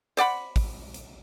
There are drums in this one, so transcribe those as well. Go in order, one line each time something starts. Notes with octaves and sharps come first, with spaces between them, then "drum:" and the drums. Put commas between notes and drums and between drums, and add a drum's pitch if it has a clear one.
C5 D5 F#5 B5, drum: hi-hat
drum: kick, open hi-hat
drum: hi-hat